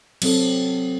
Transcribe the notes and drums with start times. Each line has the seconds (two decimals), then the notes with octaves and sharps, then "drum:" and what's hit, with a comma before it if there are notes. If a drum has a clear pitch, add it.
0.22 F#3 C4 A4, drum: cymbal